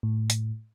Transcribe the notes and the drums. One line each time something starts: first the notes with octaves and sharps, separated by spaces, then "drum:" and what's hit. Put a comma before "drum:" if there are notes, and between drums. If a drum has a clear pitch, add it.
A2
drum: hi-hat